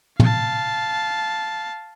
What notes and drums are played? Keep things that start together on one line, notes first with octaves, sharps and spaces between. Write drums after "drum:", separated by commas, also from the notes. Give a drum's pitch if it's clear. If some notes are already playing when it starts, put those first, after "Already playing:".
F5 A5, drum: tom A#2